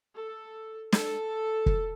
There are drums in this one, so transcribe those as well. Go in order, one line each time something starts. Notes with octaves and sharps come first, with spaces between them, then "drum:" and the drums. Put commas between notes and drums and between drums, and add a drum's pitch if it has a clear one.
A4
A4, drum: snare
drum: kick